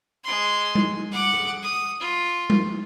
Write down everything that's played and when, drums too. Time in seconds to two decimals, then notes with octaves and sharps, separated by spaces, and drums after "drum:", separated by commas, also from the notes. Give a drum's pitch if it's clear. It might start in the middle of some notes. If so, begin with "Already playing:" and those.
0.23 G#3 C6
0.75 drum: tom G3
1.11 F#5 D6
1.33 drum: rim click
1.63 D#6
2.00 F4
2.50 drum: tom G3